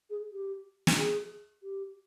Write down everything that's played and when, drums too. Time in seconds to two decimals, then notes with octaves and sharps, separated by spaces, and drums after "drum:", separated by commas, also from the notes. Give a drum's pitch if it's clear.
0.10 G#4
0.32 G4
0.87 drum: snare
0.97 G#4
1.63 G4